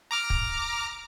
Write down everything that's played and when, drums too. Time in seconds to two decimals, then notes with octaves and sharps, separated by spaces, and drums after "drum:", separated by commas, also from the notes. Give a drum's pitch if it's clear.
0.11 A#5 D6 F6
0.30 drum: kick